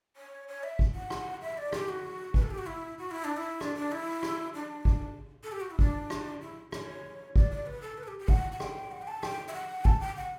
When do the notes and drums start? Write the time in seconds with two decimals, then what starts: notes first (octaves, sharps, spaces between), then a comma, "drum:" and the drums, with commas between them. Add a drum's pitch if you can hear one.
0.16 C#5
0.48 C#5
0.63 E5
0.79 drum: kick
0.95 F#5
1.10 drum: rim click
1.41 E5
1.58 D5
1.73 G4, drum: rim click
1.89 F#4
2.34 B4, drum: kick
2.43 A4
2.50 G4
2.58 F#4
2.66 E4
2.98 F#4
3.11 E4
3.24 D4
3.37 E4
3.61 D4, drum: rim click
3.75 D4
3.92 E4
4.23 drum: rim click
4.54 D4
4.85 drum: kick
5.44 A4
5.52 G4
5.61 F#4
5.71 E4
5.79 D4, drum: kick
6.10 drum: rim click
6.41 E4
6.72 C#5, drum: rim click
7.36 D5, drum: kick
7.51 D5
7.66 B4
7.82 A4
7.98 B4
8.03 A4
8.08 G4
8.19 G4
8.28 F#5, drum: kick
8.52 F#5
8.60 G5, drum: rim click
8.91 F#5
9.02 G5
9.07 A5
9.23 G5, drum: rim click
9.48 E5
9.54 F#5
9.85 A5, drum: kick
10.00 G5
10.16 F#5